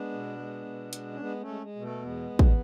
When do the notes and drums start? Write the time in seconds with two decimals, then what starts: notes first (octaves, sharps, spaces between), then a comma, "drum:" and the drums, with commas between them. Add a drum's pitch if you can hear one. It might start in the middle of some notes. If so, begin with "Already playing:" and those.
Already playing: G#3 B3 D4
0.12 B2
0.39 G#3
0.66 B2
0.93 G#3, drum: hi-hat
1.12 C#4
1.20 G#3 B3
1.41 A3 C#4
1.48 G#3
1.62 G#3
1.76 B2
1.82 A3
2.02 E2 G#3 B3
2.30 E2
2.39 drum: kick